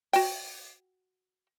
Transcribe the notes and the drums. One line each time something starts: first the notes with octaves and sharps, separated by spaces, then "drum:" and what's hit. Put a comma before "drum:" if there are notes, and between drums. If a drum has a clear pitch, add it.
F#4 G5, drum: open hi-hat